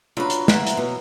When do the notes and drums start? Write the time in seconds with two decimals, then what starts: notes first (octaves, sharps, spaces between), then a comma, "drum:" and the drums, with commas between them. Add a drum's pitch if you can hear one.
0.17 F#3 D4 F4 B4
0.30 drum: hi-hat
0.48 E3 A#3 C4 F#5, drum: snare
0.67 drum: hi-hat
0.77 B2 F#3